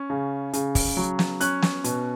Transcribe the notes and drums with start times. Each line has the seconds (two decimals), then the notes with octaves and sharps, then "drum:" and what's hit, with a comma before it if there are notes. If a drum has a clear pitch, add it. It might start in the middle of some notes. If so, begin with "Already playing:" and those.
Already playing: C#4
0.10 C#3
0.53 C#3, drum: hi-hat
0.75 drum: kick, open hi-hat
0.97 F#3
1.19 drum: snare
1.41 C#4 F#6, drum: hi-hat
1.62 drum: snare
1.84 B2, drum: hi-hat